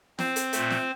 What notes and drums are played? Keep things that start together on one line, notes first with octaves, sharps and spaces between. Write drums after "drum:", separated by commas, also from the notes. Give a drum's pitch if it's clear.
C4 C5, drum: snare
drum: hi-hat
A#2 A3, drum: hi-hat
drum: snare